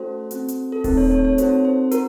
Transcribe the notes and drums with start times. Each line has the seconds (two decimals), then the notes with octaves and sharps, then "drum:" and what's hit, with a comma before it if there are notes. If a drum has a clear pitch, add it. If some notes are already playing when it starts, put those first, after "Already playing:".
Already playing: A3 C#4 F#4 A4 C5
0.31 C4 F#4 A4, drum: hi-hat
0.48 drum: hi-hat
0.72 A4
0.84 A3 C4 D#4 A4 A#4, drum: kick D#1, open hi-hat
0.97 C#5
1.11 C#5
1.25 C#5
1.38 C4 D#4 F#4 A4 C5, drum: hi-hat
1.65 C5
1.92 F#4 A#4, drum: hi-hat